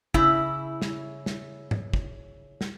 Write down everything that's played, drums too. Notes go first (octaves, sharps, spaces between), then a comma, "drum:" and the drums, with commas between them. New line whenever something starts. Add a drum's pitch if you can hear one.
C#3 E4, drum: kick
drum: snare
drum: snare
drum: tom G#2
drum: kick
drum: snare